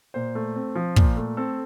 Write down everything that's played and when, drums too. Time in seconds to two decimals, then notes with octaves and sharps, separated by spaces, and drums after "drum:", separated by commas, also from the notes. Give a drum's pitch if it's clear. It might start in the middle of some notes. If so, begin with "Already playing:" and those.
0.14 A#2 C5
0.35 A3
0.56 C4
0.75 F3
0.96 A#2, drum: kick
1.17 A3
1.37 C4 A4